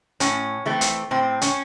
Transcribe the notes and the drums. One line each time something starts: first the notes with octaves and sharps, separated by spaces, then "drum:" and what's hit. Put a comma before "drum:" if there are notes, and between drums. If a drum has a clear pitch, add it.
A2 C#4, drum: hi-hat
E3 A3 C4
drum: hi-hat
A2 C4
C#4, drum: hi-hat